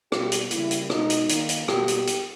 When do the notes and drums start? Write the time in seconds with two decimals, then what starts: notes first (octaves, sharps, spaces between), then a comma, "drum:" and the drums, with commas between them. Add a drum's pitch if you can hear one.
0.12 B2 G3 A#3 G4, drum: rim click
0.32 drum: hi-hat
0.51 C#3 E3 G3 A#3 E4, drum: hi-hat
0.71 drum: hi-hat
0.90 B2 G#3 D#4, drum: rim click
1.10 drum: hi-hat
1.29 D#3 A#3, drum: hi-hat
1.49 drum: hi-hat
1.68 B2 G3 A#3 G4, drum: rim click
1.88 drum: hi-hat
2.07 drum: hi-hat